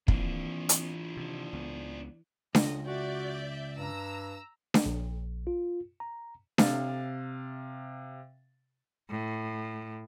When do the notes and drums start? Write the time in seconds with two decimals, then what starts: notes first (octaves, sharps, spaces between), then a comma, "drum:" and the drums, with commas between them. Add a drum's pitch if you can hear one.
0.08 E3 A#3 C4 D4 F4, drum: kick
0.69 drum: hi-hat
1.17 C3 D#3
1.53 C#2 B3
2.55 C#2 D#5, drum: snare D4
2.87 F#4 D5 E5 G6
3.76 G2 A#5 E6
4.74 drum: snare D4
4.86 A#1
5.47 F4
6.00 A#5
6.58 C3 F5 A6, drum: snare D4
9.10 A2